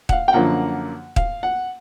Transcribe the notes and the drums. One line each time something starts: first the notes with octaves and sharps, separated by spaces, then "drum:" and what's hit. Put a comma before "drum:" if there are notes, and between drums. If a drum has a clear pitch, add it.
F#5, drum: kick D#1
F5
G5
F#2 D3 F3 A#3 F#5
F5, drum: kick D#1
F#5